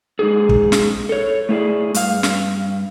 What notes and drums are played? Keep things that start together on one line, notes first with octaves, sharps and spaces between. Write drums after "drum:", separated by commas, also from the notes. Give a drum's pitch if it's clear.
G#3 D#4 G4 G#4
drum: kick
drum: snare
A4 C#5
A3 E4 G#4 D5
G2 F5, drum: hi-hat
drum: snare